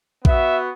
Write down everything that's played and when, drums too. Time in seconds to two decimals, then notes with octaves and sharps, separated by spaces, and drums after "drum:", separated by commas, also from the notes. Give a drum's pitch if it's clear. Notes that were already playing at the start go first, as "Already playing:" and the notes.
0.25 B3 F#4 E5, drum: kick A#1